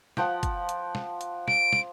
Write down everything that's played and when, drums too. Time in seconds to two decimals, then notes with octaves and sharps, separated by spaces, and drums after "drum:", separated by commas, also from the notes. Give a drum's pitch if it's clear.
0.17 F3 F#5 G5, drum: snare
0.43 drum: kick, hi-hat
0.69 drum: hi-hat
0.95 drum: snare
1.21 drum: hi-hat
1.48 D7, drum: snare
1.73 drum: snare